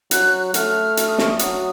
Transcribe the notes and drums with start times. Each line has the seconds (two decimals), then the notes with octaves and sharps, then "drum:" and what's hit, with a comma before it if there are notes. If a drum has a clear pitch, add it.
0.11 F#3 F#6, drum: hi-hat
0.54 A3 F6, drum: hi-hat
0.97 F6, drum: hi-hat
1.07 D#6
1.18 C#6, drum: snare
1.29 D#6
1.39 F#3, drum: hi-hat